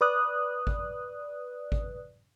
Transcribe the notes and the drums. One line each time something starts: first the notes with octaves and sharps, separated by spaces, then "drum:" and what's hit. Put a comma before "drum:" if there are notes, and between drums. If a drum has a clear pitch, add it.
B4 D5 D#6 F#6
drum: kick G#1
drum: kick G#1